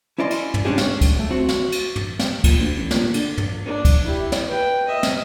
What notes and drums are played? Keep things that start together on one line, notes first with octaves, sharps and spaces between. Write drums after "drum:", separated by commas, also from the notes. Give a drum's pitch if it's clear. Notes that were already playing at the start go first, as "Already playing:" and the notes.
C#4 E4 D5 D#5 G#5 C6
drum: cymbal
drum: tom
G#3 C#4 D4 G4 G#4
drum: snare
drum: kick, cymbal
D2 A3
C4 F#4
drum: snare
drum: cymbal
drum: tom
drum: snare
A#2, drum: kick, cymbal
D2
A1
A#2, drum: snare
D3, drum: cymbal
drum: tom
D4
drum: kick, cymbal
E4 G4
drum: snare
B4 G5
D#5 E5
drum: snare